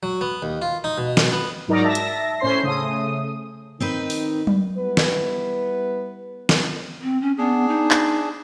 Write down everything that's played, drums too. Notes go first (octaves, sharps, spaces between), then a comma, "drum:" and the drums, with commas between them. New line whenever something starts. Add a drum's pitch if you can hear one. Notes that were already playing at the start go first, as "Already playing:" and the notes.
F#3
B3
D#2
F4
D#4
B2
drum: snare
B3
G#2 F#3 D#4 A#4 D5 A#5
E5 A5 A#6
drum: hi-hat
A2 C#4 C5 C6 C7
C#3 A3 D#6
D#3 C4 D#4 B4
drum: open hi-hat
drum: tom F#3
G3 B3 E4 B4
drum: snare
drum: snare
C4
C#4
B3 D4 G#4
D#4
drum: clap